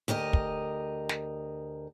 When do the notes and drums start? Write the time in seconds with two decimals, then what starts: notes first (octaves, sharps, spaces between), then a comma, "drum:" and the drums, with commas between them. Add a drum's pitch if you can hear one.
0.08 D2 G4 A#4 D#5
0.33 drum: kick
1.09 drum: snare